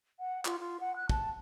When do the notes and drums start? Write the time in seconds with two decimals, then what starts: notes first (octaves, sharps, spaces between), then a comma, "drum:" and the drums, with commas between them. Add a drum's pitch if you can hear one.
0.20 F#5
0.45 F4, drum: clap
0.59 F4
0.80 F#5
0.96 F#6
1.09 A5, drum: kick